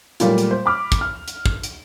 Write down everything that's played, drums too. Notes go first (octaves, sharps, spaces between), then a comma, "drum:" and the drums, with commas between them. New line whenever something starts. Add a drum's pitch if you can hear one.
A#2 F#3 G3 A3 A#3 F4, drum: hi-hat
drum: hi-hat
C5
B5 D6 F6
drum: kick, hi-hat
F6
drum: hi-hat
drum: kick
drum: hi-hat